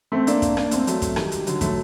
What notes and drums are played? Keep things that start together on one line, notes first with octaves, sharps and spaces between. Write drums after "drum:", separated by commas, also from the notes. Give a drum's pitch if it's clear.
A3 C4
A#3 D4, drum: hi-hat
drum: kick, hi-hat
A#3 D4, drum: rim click
A3 C4, drum: hi-hat
F#3 A3, drum: hi-hat
drum: kick, hi-hat
D#3 G3, drum: rim click
drum: hi-hat
D3 F#3, drum: hi-hat
F#3 A3, drum: kick, hi-hat